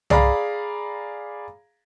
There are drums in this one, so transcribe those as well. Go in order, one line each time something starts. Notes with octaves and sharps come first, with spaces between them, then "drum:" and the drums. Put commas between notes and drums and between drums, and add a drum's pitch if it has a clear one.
G#4 D5 F5 A#5 B5, drum: tom C2